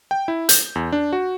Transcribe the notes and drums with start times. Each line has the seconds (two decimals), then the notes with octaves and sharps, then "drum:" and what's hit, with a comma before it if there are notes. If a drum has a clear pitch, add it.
0.11 G5
0.28 E4
0.49 G6, drum: hi-hat
0.75 E2
0.92 D4
1.13 F#4